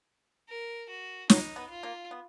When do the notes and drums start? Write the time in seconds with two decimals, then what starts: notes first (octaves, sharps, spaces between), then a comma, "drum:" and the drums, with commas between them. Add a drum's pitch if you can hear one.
0.49 A#4
0.89 F#4
1.30 F#3 D#4, drum: snare
1.56 B3
1.70 F4
1.83 A#3
2.11 B3